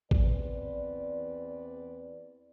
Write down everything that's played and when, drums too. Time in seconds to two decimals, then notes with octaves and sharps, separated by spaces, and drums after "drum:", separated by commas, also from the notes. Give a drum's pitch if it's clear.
0.11 E2 C4 B4 D5, drum: kick A1